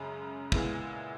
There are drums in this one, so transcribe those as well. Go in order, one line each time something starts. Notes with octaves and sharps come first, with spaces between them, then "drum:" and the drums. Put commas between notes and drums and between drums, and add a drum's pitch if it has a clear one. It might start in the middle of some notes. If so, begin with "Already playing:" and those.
Already playing: F#2 C#3 G#3
A#2 G#3 B3 E4, drum: kick